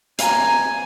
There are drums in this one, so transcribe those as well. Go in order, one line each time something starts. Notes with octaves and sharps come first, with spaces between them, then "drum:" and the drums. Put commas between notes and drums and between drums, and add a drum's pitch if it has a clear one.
G#5 A#5, drum: hi-hat